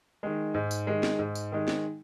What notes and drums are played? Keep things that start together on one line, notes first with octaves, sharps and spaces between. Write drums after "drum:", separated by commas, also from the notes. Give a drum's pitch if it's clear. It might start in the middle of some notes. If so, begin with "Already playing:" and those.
D#3 G#3
G#2
drum: tambourine
D#3 G#3
drum: snare
G#2
drum: tambourine
D#3 G#3
drum: snare